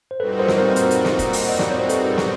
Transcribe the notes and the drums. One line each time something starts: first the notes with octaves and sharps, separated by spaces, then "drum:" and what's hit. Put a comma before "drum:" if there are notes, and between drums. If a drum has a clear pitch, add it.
C5
A#2 G3 C4 D#4 F#4 A4 B4
A#4 C5
drum: snare
A#4 C5
A#4 C5, drum: hi-hat
drum: hi-hat
drum: snare
drum: kick, hi-hat
drum: open hi-hat
D#5
D5, drum: snare
C#5
C5
A4 B4, drum: hi-hat
G#4 A#4
drum: snare